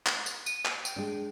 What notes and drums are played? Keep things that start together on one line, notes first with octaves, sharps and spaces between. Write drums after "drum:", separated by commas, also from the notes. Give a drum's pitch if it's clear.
drum: clap
drum: tambourine
D#7, drum: tambourine
G5, drum: clap
drum: tambourine
G#3 D4